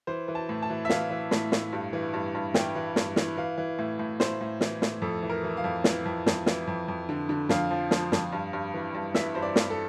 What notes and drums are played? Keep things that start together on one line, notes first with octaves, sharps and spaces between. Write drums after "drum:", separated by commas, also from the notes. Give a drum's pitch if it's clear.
E3 C5
E3
A5
A2
A5
E3
E5
E3 F5, drum: snare
E3
A2, drum: snare
A2, drum: snare
G2
E3
G2
G2
E3 G5, drum: snare
E3
G2, drum: snare
E3, drum: snare
E3 F5
E3
A2
A2
A2 C5, drum: snare
A2
E3, drum: snare
A2, drum: snare
F2 A4
E3
A#4
E3
F5
F2
E3, drum: snare
F2
F2, drum: snare
E3, drum: snare
F2
F2
D3
D3
F2 F5, drum: snare
F3
F3, drum: snare
F2, drum: snare
G2
G2
E3
G2
E3 E5, drum: snare
G2 C5
D5
G2, drum: snare
A4